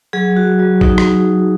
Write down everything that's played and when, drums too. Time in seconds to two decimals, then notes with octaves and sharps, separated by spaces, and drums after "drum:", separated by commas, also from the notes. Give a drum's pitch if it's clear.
0.13 F#3 G#4
0.37 F#4
0.59 F#3
0.81 D#4, drum: kick
0.98 drum: rim click